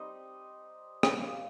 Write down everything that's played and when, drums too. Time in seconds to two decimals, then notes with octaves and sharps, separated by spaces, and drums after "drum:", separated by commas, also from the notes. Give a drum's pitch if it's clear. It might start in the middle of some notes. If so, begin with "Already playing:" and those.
Already playing: G3 C4 D#4 D#5
1.03 drum: rim click
1.19 G3 A#3 D#4 F5